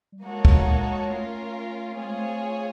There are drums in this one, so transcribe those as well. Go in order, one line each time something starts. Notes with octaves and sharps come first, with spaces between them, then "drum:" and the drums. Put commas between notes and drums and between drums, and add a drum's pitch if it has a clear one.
G3
G#3 A#3 D#4 F#4 A4 C#5
drum: kick
A3 C#4 F4 A#4
A3 C4 F4 G#4 C#5
G#3
A3